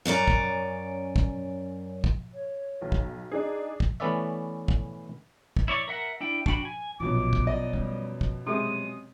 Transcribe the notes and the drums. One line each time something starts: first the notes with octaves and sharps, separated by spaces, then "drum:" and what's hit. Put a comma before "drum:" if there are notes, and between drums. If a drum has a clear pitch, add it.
F#2 C#4 D5 A#5
drum: kick
drum: kick
drum: kick
C#5
B1
drum: kick
D4 D#4 G#4
drum: kick
E3 A3 B3 C#4 D5 E5
drum: kick
drum: kick
E4 C#5 D5 C#6
A#4 E5 F#5
D4 E4 G5
D4 F#4 G5 B5, drum: kick
G#5
A#1 F#2 B2 F3 D6
drum: kick
D5 D#5
G3 C#4
drum: kick
C3 G#3 D#6